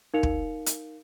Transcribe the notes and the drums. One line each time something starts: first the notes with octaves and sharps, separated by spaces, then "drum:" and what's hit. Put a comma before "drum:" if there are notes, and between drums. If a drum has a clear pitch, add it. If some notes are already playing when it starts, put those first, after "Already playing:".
D#4 A#4 F5 C#7 F7
drum: kick
drum: hi-hat